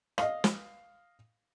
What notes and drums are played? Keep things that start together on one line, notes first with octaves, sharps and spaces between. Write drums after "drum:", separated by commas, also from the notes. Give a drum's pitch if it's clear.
D#5 F5, drum: rim click
drum: snare